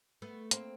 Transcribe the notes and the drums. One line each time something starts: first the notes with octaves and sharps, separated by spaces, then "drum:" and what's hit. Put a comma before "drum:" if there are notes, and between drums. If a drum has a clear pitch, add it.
A3 B3
A#3 C4, drum: hi-hat